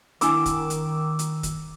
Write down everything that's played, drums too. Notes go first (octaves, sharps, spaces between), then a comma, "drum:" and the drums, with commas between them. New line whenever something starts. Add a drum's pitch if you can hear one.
D#3 D4 E4 G#5 D6 E6, drum: hi-hat
drum: kick, hi-hat
drum: hi-hat
drum: hi-hat
drum: kick, hi-hat